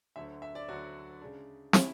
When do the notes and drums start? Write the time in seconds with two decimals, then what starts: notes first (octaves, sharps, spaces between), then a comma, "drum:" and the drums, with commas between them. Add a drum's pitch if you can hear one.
0.16 D2 D3 F#3 E5
0.42 E5
0.55 D5
0.68 D2 D3 F#3 F#4
1.21 C#3 G#3 D4
1.73 C#3 G#3 D4 E4, drum: snare